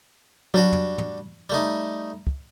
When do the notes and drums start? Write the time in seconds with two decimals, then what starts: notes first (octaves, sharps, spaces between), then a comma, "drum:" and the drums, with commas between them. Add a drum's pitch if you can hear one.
0.54 F#3 G3 D4 F#4
0.72 drum: tom
0.98 drum: tom A2
1.50 G3 A3 D#4
2.27 drum: kick